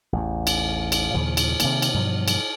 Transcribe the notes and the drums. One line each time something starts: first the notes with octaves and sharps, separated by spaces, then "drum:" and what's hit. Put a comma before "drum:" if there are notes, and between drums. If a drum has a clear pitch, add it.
A1 E2
drum: cymbal
drum: cymbal
D#2 A#2 C#3 F3
drum: cymbal
C3 D#3 A#3, drum: cymbal
drum: cymbal
G2 B2 F3 F#3
drum: cymbal